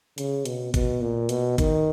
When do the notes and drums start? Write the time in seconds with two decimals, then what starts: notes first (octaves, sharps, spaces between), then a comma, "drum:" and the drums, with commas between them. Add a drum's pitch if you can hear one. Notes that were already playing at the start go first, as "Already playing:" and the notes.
0.18 C#3, drum: hi-hat
0.45 B2, drum: hi-hat
0.74 B2, drum: kick G#1, hi-hat
1.01 A#2
1.29 B2, drum: hi-hat
1.58 D#3, drum: kick G#1, hi-hat